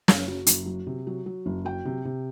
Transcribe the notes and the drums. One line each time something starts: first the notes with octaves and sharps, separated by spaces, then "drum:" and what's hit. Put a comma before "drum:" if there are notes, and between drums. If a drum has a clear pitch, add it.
F#1, drum: snare
F#3
F#1, drum: hi-hat
F#3
C3
F#3
F#3
F#1
F#3 G5
C3
C3